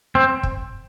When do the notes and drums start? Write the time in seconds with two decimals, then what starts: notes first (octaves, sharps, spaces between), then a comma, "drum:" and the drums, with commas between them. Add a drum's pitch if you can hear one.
0.15 C4
0.43 drum: kick